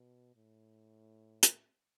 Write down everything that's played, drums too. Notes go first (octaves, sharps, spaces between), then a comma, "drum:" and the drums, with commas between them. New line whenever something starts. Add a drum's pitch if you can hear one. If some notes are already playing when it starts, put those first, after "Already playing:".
Already playing: B2
A2
drum: hi-hat